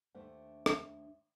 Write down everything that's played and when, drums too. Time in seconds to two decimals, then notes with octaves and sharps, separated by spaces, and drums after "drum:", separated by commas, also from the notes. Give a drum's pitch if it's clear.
0.15 D#2 A3 D4 C5 F#5
0.66 drum: rim click